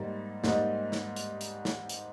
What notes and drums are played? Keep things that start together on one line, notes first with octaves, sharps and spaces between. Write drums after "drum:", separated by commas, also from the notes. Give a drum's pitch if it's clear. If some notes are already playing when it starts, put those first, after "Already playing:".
Already playing: G#2 G3 A#3 D#4
G#2 G3 A#3 D#4, drum: snare
drum: snare
drum: hi-hat
drum: hi-hat
drum: snare
drum: hi-hat